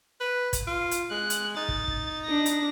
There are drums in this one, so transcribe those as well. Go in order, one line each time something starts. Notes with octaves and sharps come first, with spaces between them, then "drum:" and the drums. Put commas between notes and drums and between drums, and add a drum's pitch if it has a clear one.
B4
drum: kick, hi-hat
F4
drum: hi-hat
G#3 F#6
drum: hi-hat
D#4 A6
drum: kick
drum: kick
D4 A#6
drum: hi-hat